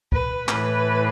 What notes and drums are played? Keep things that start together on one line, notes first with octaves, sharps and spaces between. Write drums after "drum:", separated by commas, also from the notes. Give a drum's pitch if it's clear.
B4, drum: kick C#2
A2 E3 B4, drum: clap